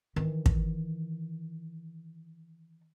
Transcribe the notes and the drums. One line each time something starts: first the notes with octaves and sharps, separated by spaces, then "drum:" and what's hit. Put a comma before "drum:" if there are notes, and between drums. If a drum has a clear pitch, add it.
D#3 E3
drum: kick